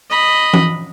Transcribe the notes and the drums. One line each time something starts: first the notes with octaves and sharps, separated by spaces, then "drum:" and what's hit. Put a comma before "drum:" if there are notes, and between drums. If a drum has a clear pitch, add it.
D#5 B5
drum: tom E3